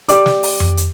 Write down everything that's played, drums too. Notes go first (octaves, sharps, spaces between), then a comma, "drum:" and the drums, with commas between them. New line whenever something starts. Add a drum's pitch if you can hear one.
G4 D5 D6, drum: hi-hat
drum: snare
drum: open hi-hat
drum: tom F2
drum: hi-hat